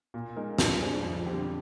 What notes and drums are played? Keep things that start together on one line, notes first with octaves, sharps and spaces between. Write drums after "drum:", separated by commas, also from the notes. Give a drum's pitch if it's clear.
A#2
G#3 D#4 A#4
G3, drum: snare
D4 G#4 C5
F2
D3 G3 C4 G4